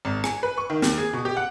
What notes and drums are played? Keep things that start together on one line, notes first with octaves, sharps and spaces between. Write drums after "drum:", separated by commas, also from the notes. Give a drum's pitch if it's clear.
G#1
G#5, drum: rim click
B4
C#6
D#3
D#2, drum: snare
G#4
B2
G4
F#5